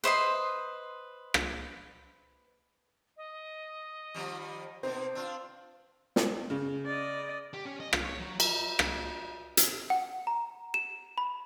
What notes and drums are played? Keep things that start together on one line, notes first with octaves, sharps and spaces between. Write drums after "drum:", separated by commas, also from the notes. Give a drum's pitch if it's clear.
B4 C5 D#5 C6
drum: rim click
D#5
D#3 F3 G3
B2 C4 D#4
D4 F4 E6
drum: snare
C#3
D5 D#5
G4
C#4
D#5
F4, drum: rim click
C#5
F#3
A#5, drum: cymbal
drum: rim click
drum: hi-hat
F#5
A#5
E7
B5